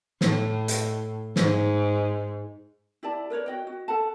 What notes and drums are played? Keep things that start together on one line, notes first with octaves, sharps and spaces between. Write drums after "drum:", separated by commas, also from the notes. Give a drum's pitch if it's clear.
A2, drum: snare
drum: hi-hat
G#2, drum: snare
E4 G4 D5 A5
A#4 B4 C#5 D5
F#4 D#5 G5
F#4
A4 F#5 A5